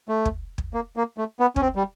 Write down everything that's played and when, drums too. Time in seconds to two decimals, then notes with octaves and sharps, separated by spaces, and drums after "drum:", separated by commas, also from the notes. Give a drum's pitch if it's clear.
0.09 A3
0.25 drum: kick
0.58 drum: kick
0.74 A#3
0.97 A#3
1.18 A3
1.40 B3
1.56 C#4, drum: kick
1.61 C4
1.76 G3